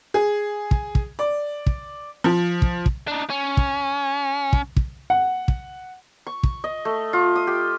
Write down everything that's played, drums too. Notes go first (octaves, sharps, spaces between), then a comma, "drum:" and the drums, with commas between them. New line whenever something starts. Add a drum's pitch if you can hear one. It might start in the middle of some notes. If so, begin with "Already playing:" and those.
G#4
drum: kick
drum: kick
D5
drum: kick
F3
drum: kick
drum: kick
D4 D#4
C#4
drum: kick
drum: kick
drum: kick
F#5
drum: kick
C#6
drum: kick
D#5
A3
F4
D#6
G4